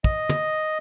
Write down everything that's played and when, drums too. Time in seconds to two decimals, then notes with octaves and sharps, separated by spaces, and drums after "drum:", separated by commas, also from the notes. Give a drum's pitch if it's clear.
0.04 D#5, drum: kick
0.29 drum: tom